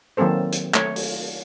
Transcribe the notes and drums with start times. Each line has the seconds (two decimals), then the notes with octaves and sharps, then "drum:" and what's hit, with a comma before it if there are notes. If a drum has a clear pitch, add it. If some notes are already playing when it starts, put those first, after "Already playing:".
0.17 D#3 F#3 A#3 C4 A4 C5
0.52 drum: hi-hat
0.74 A3 C#5, drum: clap
0.96 drum: open hi-hat